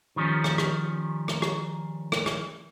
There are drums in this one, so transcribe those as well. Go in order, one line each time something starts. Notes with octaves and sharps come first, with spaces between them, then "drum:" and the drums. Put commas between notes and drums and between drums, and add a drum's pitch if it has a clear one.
D#3 F3 G3 C#4
drum: rim click
drum: rim click
drum: rim click
drum: rim click
drum: rim click
drum: rim click